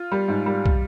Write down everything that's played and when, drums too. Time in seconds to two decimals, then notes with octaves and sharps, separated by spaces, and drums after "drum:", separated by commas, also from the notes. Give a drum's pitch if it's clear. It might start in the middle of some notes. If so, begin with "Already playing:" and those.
Already playing: F4
0.12 G3
0.28 G#2
0.46 G3
0.66 drum: kick